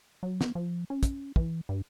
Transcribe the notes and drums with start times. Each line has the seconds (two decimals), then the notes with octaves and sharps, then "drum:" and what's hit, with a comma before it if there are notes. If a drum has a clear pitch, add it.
0.23 F#3
0.41 B3, drum: snare
0.55 F3
0.90 C#4
1.03 drum: kick, hi-hat
1.36 E3, drum: kick
1.69 G2